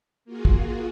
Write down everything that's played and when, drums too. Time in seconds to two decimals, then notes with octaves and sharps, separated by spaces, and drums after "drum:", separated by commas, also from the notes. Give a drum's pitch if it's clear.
0.25 A#3 F4 F#4 G#4
0.45 drum: kick